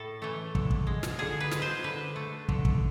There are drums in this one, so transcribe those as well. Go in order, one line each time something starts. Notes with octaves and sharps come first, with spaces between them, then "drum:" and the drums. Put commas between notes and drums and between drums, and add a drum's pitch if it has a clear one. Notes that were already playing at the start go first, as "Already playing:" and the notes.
Already playing: A2 A4
E3 A3
D3, drum: kick
drum: kick
G#3
drum: snare
D3 G#4
B4
G#3, drum: snare
C5
D3 B4
A3
D3, drum: kick
drum: kick